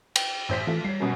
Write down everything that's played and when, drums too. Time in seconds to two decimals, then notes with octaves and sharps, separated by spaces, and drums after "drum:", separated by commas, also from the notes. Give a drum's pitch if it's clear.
0.16 G5, drum: cymbal
0.49 A1 C5 B6
0.67 E3 A3 F4
0.84 G3 C#5 C7
1.00 F#2 B2 B3